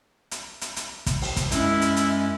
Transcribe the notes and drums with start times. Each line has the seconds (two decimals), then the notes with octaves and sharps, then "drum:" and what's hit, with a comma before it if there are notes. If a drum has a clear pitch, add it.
0.31 drum: hi-hat
0.61 drum: hi-hat
0.76 drum: hi-hat
1.06 drum: kick, hi-hat
1.21 drum: open hi-hat
1.36 drum: kick, hi-hat
1.52 F#2 G#3 C#4 E4, drum: hi-hat
1.82 drum: hi-hat
1.97 drum: hi-hat